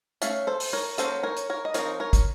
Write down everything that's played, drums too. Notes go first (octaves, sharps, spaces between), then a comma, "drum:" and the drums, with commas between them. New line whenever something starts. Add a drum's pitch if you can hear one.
A3 C#4 C#5 F5, drum: hi-hat
A4 C5
drum: open hi-hat
A#4 C#5
F#3 A#3 C#4 A4 C5, drum: hi-hat
A#4 C#5
drum: hi-hat
A#4 C#5
D#5
F3 C4 D#4 A#4 C#5, drum: hi-hat
A#4 C#5
drum: kick, hi-hat